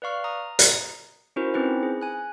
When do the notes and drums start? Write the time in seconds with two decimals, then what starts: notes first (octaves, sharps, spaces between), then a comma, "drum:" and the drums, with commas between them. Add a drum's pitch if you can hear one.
0.02 B4 D5 F5 C#6 F6
0.24 A#5 D#6
0.59 drum: hi-hat
1.36 C#4 E4 F#4 A#4 C5
1.54 C4 C#4 D#4 E4 B4 C5
1.83 G#4
2.01 G#5 F#6